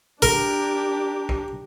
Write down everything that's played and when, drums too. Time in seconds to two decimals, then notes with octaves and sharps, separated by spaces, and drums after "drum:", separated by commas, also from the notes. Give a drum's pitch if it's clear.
0.22 D4 G4 A#4, drum: kick A#1
1.29 drum: kick A#1